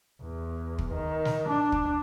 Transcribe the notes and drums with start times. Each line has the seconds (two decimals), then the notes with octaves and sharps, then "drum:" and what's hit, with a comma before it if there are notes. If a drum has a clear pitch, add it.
0.22 E2
0.78 drum: kick
0.94 D#3
1.25 drum: snare
1.49 D4
1.72 drum: kick